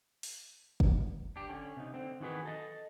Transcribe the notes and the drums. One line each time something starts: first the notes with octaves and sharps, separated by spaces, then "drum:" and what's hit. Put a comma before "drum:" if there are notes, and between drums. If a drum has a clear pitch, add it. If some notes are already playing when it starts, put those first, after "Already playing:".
drum: open hi-hat
drum: kick
D4 G4
D3 C#4
C3 D#4
D3 C4
D#3 E3 F#4 G#4 B4
A4 D#5 A5